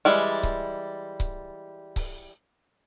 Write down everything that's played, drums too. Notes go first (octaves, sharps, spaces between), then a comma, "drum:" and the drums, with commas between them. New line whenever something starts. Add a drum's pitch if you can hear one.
E3 G3 G#3
drum: kick C#1, hi-hat
drum: kick C#1, hi-hat
drum: kick C#1, open hi-hat